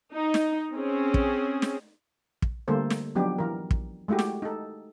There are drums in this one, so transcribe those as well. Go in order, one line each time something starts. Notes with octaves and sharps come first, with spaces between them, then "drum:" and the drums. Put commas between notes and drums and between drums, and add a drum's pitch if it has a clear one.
D#4
drum: snare
C4 C#4 G#4
drum: kick
drum: snare
drum: kick
D3 G3 A3 A#3 A4 C5
drum: snare
F3 F#3 B3 D4 D#4 G4
E3 A#4
drum: kick
G#3 A3 E4 F#4 G4
drum: snare
D#4 A4